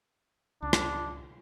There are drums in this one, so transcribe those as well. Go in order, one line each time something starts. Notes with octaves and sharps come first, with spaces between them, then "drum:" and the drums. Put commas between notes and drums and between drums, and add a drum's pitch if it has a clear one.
C#2 D4
drum: rim click